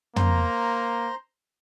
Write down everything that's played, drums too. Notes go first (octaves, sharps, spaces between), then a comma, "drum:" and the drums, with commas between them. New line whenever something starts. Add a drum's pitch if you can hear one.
A#3 C5 A#5 C6, drum: tom